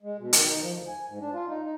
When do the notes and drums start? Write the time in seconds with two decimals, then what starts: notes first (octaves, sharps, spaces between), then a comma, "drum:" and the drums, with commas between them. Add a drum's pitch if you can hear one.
0.03 G#3
0.18 B2
0.33 D#3, drum: hi-hat
0.48 D#4
0.61 F3
0.74 D2
0.88 G#5
1.08 G#2
1.21 D4
1.33 F4
1.47 D#4
1.63 D#4